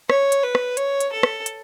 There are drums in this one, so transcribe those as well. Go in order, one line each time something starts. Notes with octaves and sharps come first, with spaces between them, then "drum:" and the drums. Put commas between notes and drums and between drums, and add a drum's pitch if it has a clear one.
C#5, drum: rim click
drum: hi-hat
B4
drum: rim click
C#5, drum: hi-hat
drum: hi-hat
A4
drum: rim click
drum: hi-hat